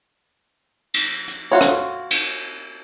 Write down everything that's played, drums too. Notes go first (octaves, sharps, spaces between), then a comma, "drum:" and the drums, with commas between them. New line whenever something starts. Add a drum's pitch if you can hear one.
drum: cymbal
drum: hi-hat
F4 F#4 C#5
drum: rim click
drum: cymbal